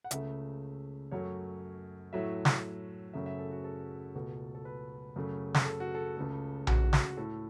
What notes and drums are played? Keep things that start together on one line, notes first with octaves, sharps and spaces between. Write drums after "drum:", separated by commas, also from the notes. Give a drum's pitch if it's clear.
F#5
C#2 C#3 A3 E5, drum: hi-hat
F#2 F#3 A3 C#5
A2 F#3 A3 E5
drum: snare
F#2 C#3 A3 E5
E5
A4
F#4
A4
C#2 B2 A3
A4
B4
F#2 C#3 A3
drum: snare
A4
F#4
A4
C#2 C#3 A3
F#4, drum: tom A#1
F#4, drum: snare
A2 A3 A4